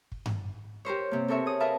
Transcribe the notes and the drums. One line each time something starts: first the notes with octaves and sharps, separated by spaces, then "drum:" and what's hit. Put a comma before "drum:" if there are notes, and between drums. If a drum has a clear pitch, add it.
drum: kick
drum: tom G2
G4 A#4 C5 C#5
C3 A#3
C4 A4 A#4 C#5 E5
G#4 D#6
A#4 B4 E5 F5 A5 A#5